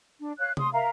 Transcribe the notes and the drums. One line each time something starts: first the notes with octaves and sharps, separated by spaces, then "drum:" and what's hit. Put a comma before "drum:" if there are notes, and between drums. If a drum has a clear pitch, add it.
D4
C#5 F5 F#6
C6 D#6, drum: tom C3
A#4 E5 F5 A#5